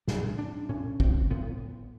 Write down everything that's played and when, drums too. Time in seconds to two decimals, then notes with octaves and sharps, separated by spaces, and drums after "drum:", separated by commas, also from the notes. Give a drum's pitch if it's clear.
0.07 A2 D4, drum: snare D#4
0.39 D4
0.69 A2 C#4
1.00 C4, drum: kick
1.31 A2 B3